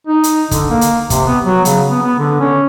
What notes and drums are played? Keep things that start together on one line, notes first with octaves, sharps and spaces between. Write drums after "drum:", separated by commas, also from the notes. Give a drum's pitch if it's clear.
D#4
drum: hi-hat
D3, drum: kick, hi-hat
A#3
drum: hi-hat
C3, drum: kick, hi-hat
B3
F#3
C#3, drum: hi-hat
B3
B3
D3
C#4